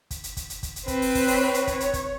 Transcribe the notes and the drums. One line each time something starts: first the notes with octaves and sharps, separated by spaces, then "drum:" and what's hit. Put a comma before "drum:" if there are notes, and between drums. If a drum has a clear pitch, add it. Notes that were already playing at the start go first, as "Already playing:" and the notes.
drum: kick, hi-hat
drum: hi-hat
drum: kick, hi-hat
drum: hi-hat
drum: kick, hi-hat
drum: hi-hat
C4 B4, drum: kick, hi-hat
drum: open hi-hat
drum: kick, open hi-hat
C#5, drum: open hi-hat
drum: hi-hat
drum: kick, hi-hat
drum: hi-hat
drum: kick, hi-hat